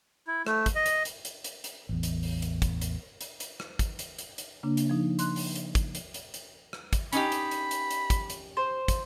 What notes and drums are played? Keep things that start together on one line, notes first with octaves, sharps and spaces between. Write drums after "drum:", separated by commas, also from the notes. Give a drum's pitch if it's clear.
E4
A3, drum: rim click
drum: kick, hi-hat
D#5
drum: hi-hat
drum: hi-hat
drum: hi-hat
drum: hi-hat
drum: hi-hat
A1 E2
drum: hi-hat
drum: open hi-hat
drum: hi-hat
drum: kick, hi-hat
drum: hi-hat
drum: hi-hat
drum: hi-hat
drum: rim click
drum: kick, hi-hat
drum: hi-hat
drum: hi-hat
drum: hi-hat
C#3 A#3 D4
drum: hi-hat
F3 D#4
C6 F#6, drum: hi-hat
drum: open hi-hat
drum: hi-hat
drum: kick, hi-hat
drum: hi-hat
drum: hi-hat
drum: hi-hat
drum: rim click
drum: kick, hi-hat
C#4 D#4 G4 B5, drum: hi-hat
drum: hi-hat
drum: hi-hat
drum: hi-hat
drum: hi-hat
drum: kick, hi-hat
drum: hi-hat
C5
drum: kick, hi-hat